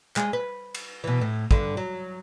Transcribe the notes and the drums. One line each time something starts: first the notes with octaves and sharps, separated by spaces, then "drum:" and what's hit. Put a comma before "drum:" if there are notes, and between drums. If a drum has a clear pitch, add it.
G#3, drum: clap
B4
drum: cymbal
B2 E3
A2
G2 D3, drum: kick
F#3